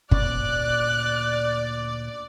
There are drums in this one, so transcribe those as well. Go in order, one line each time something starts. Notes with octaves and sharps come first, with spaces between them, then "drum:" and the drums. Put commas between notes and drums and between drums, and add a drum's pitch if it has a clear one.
D2 A#2 C#4 D5 F#6, drum: kick